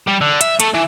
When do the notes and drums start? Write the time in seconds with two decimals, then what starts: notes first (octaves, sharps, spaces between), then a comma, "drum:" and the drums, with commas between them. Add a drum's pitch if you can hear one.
0.08 G3
0.21 D3
0.41 E5, drum: hi-hat
0.60 A3, drum: hi-hat
0.74 E3